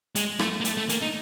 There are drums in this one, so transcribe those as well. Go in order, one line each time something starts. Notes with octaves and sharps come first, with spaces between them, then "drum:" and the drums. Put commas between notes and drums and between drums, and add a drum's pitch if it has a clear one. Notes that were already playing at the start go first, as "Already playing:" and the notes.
G#3, drum: hi-hat
A3, drum: rim click
A#3
A3, drum: hi-hat
A3
A#3, drum: hi-hat
D#4